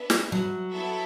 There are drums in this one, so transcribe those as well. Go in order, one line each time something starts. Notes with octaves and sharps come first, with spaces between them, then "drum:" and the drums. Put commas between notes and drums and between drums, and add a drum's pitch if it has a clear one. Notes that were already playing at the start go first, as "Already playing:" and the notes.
Already playing: B3 D4 B4 E5 A5
drum: snare
F#3
B3 E4 A4 E5